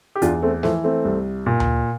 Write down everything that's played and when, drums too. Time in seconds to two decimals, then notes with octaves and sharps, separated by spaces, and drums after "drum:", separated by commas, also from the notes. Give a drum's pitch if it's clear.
0.15 G4
0.22 E2 D4 F4, drum: hi-hat
0.43 A3 C4
0.63 E3 F3 A3, drum: snare
0.84 A3 C4
1.05 C2
1.46 A#2
1.60 drum: tom D2